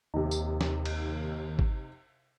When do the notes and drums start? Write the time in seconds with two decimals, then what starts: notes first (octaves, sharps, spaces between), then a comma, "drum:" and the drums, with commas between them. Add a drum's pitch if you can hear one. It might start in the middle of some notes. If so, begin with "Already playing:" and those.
0.14 D#2 C3 D#4
0.31 drum: tambourine
0.61 drum: snare
0.85 drum: cymbal
1.59 drum: kick G#1